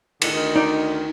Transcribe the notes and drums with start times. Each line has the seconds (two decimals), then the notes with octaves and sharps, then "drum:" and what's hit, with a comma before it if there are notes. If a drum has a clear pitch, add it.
0.22 A2 D3 D#3, drum: cymbal
0.34 D2 D#3
0.56 D#4 D5